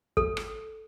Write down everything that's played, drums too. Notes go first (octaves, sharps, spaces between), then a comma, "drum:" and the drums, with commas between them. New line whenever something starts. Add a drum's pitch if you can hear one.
A4, drum: kick
drum: rim click